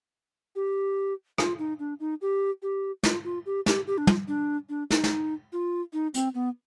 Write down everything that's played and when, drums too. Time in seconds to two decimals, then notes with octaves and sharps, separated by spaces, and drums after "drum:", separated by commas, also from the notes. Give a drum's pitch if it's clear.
0.56 G4
1.38 F4, drum: rim click
1.59 D#4
1.79 D4
2.00 D#4
2.21 G4
2.63 G4
3.03 F4, drum: snare
3.24 F4
3.46 G4
3.66 G4, drum: snare
3.87 G4
3.98 D4
4.07 F4, drum: tom
4.28 D4
4.69 D4
4.91 D#4, drum: snare
5.04 drum: snare
5.53 F4
5.93 D#4
6.14 C4, drum: hi-hat
6.34 B3